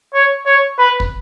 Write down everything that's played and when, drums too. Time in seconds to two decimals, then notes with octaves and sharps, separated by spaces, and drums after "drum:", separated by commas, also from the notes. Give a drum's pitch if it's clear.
0.14 C#5
0.46 C#5
0.79 B4
1.00 drum: kick